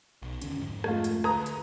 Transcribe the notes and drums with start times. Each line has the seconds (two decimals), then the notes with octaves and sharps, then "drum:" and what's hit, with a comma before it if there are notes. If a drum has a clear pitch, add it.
0.22 B1
0.42 D#2 D3 C#4, drum: hi-hat
0.56 F2 G#2
0.84 G#3 A3 F4, drum: rim click
1.04 drum: hi-hat
1.24 D2 B4 A#5 D#6, drum: rim click
1.46 drum: hi-hat